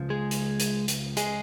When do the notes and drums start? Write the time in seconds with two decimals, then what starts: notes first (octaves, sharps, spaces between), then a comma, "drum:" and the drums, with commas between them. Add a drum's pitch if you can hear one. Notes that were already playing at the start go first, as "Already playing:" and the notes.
Already playing: C#2 C#3 F3
0.10 G#3 G#4
0.31 drum: hi-hat
0.60 drum: hi-hat
0.88 drum: hi-hat
1.17 G#3 G#4, drum: hi-hat